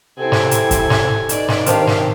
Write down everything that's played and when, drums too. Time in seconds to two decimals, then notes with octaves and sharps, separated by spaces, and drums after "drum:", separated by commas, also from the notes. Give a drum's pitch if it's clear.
0.18 C3 C4 E4 A4 G#5
0.32 drum: snare
0.51 drum: hi-hat
0.71 drum: kick, hi-hat
0.90 drum: snare
1.29 D#4 B4 D5, drum: hi-hat
1.49 drum: snare
1.66 D#3 C4 D4 G4 F5, drum: hi-hat
1.87 drum: snare